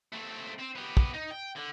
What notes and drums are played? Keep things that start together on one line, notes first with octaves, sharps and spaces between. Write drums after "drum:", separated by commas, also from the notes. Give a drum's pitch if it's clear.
A3 C4
C4
B3 G4
drum: kick
D#4
G5
D3